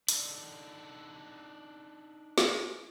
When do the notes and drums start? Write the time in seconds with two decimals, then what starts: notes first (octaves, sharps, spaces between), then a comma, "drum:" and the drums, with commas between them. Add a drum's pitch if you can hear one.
0.08 D4 D#4 A4 D5, drum: hi-hat
2.38 drum: snare